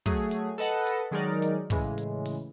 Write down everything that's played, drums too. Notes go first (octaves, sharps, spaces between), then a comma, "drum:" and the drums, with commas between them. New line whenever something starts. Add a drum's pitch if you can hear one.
F#3 A3 G#4, drum: kick, open hi-hat
drum: hi-hat
A4 B4 D#5 F#5 A5
drum: hi-hat
D#3 F#3 G#3 D#4 A#4 D5
drum: hi-hat
A2 C#3 E3 G#3, drum: kick, open hi-hat
drum: hi-hat
drum: open hi-hat